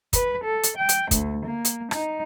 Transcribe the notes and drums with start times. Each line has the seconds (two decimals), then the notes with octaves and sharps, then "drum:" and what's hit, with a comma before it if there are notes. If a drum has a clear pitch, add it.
0.13 B4, drum: kick, hi-hat
0.43 A4
0.64 drum: hi-hat
0.76 G5
0.89 drum: hi-hat
1.11 D2, drum: kick, hi-hat
1.45 A#3
1.65 drum: hi-hat
1.91 D#4, drum: rim click